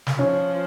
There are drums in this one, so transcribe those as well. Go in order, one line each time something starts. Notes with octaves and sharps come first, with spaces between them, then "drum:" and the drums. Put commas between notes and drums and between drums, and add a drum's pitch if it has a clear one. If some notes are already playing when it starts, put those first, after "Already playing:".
drum: snare
F3 C#4